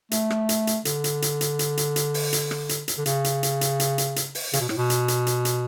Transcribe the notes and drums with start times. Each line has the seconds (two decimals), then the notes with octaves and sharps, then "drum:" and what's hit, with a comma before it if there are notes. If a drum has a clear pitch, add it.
0.11 A3, drum: hi-hat
0.30 drum: rim click
0.49 drum: hi-hat
0.67 drum: hi-hat
0.85 D3, drum: hi-hat
1.04 drum: hi-hat
1.22 drum: hi-hat
1.41 drum: hi-hat
1.59 drum: hi-hat
1.77 drum: hi-hat
1.96 drum: hi-hat
2.14 drum: open hi-hat
2.33 drum: hi-hat
2.51 drum: rim click
2.69 drum: hi-hat
2.88 drum: hi-hat
2.98 D3
3.06 C#3, drum: hi-hat
3.24 drum: hi-hat
3.43 drum: hi-hat
3.61 drum: hi-hat
3.80 drum: hi-hat
3.98 drum: hi-hat
4.16 drum: hi-hat
4.35 drum: open hi-hat
4.53 C#3, drum: hi-hat
4.60 B2
4.69 A2, drum: rim click
4.77 B2
4.90 drum: hi-hat
5.08 drum: hi-hat
5.27 drum: hi-hat
5.45 drum: hi-hat